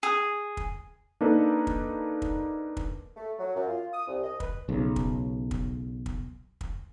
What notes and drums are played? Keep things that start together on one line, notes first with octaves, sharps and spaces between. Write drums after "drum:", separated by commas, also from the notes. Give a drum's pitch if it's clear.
G#4
drum: kick
A#3 D4 D#4 A4 B4
drum: kick
drum: kick
drum: kick
A3
F#3
F#2
F4
D#6
C2
D#5
B4, drum: kick
B1 C#3
drum: kick
drum: kick
drum: kick
drum: kick